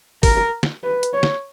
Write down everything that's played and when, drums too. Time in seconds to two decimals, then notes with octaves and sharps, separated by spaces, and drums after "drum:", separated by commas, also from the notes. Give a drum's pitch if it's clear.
0.23 A#4, drum: kick, open hi-hat
0.63 drum: snare
0.83 B4
1.03 drum: hi-hat
1.14 C#5
1.23 drum: snare